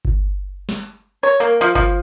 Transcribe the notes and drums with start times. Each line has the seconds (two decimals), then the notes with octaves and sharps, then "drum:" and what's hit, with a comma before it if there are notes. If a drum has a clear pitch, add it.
0.05 drum: kick G1
0.69 drum: snare
1.23 C#5
1.40 A#3
1.61 F3
1.75 F3, drum: kick G1